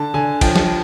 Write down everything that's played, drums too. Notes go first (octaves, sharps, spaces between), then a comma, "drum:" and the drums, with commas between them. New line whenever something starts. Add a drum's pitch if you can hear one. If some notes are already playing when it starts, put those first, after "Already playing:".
Already playing: D3 A5
D3 G#5
F3 G5, drum: kick, cymbal
drum: snare